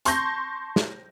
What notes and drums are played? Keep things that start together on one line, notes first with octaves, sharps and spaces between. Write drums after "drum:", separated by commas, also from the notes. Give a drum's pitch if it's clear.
A5 C6 C#6 G6 A#6, drum: hi-hat
drum: snare